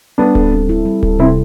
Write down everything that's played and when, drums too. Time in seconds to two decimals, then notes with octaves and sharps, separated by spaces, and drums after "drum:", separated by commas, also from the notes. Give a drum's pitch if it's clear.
0.18 G3 B3 D4
0.35 A4, drum: kick D1
0.52 C4
0.69 E4
0.85 G3
1.03 A4, drum: kick D1
1.19 C3 C4 E4